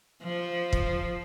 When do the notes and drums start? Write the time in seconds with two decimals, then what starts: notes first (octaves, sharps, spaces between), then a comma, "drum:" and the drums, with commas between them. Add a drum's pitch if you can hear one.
0.23 F3
0.73 drum: kick